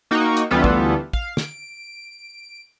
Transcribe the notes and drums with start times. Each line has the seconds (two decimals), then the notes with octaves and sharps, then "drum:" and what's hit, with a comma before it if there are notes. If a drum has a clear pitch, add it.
0.11 A#3 D#4 F#4 G5 C#6
0.37 drum: hi-hat
0.51 D2 E3 G3 B3 F4 A4
0.64 drum: kick
1.13 F5, drum: kick
1.37 D7, drum: snare